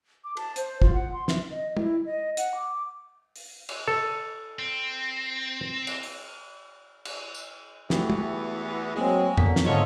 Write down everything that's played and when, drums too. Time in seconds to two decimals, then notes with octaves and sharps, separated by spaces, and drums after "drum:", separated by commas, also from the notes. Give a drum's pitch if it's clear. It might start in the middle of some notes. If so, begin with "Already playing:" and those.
0.24 D6
0.37 A5, drum: cymbal
0.56 C5, drum: hi-hat
0.82 F4, drum: kick
0.94 F#5
1.12 C6
1.28 E5, drum: snare
1.50 D#5
1.77 E4, drum: tom
2.06 D#5
2.37 F#5, drum: hi-hat
2.55 D6
3.36 drum: open hi-hat
3.69 drum: cymbal
3.88 A4
4.59 C4
5.87 drum: cymbal
6.03 drum: open hi-hat
7.05 drum: cymbal
7.34 drum: tambourine
7.90 E2 E3 A3 B3 F#4 G4, drum: snare
8.10 drum: tom
8.96 F#3 G#3 A#3 C4 F#4
9.38 D3 A#3 B3 C#4 A4 B6, drum: tom
9.56 drum: snare
9.66 E2 G#2 D3 C#4 F4 A4 C#5 D#5